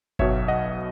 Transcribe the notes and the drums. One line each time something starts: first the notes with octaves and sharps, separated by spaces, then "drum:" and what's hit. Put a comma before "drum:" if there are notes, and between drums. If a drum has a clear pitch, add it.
B1 B2 C#5 E5, drum: kick G1
D#5 F#5